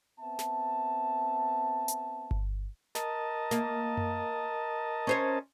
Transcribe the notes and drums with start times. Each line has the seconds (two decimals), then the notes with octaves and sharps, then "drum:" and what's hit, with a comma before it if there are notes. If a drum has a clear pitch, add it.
0.20 B3 C4 E5 A5
0.39 drum: snare
1.88 drum: hi-hat
2.31 drum: kick G1
2.95 A#4 D#5 A5, drum: snare
3.51 A#3, drum: snare
3.97 drum: tom F#2
5.07 C#4 C5 C#5